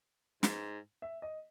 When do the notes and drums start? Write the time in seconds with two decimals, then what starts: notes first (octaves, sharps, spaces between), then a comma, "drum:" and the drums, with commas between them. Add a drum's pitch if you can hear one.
0.43 G#2, drum: snare
1.02 E5
1.22 D#5